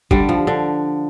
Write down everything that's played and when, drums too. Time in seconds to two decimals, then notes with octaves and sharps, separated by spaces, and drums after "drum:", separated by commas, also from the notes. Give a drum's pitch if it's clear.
0.11 D3 G3, drum: kick G1
0.29 F3
0.47 D3